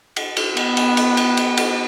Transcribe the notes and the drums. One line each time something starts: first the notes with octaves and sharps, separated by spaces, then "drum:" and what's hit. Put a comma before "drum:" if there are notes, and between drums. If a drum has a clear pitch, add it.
drum: cymbal
drum: cymbal
B3, drum: cymbal
drum: cymbal
drum: cymbal
drum: cymbal
drum: cymbal
drum: cymbal